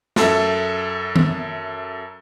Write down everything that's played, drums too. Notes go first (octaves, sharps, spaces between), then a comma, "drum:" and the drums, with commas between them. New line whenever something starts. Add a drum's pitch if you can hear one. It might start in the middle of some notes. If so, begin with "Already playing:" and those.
F#2 A4 E5, drum: snare
drum: tom D#3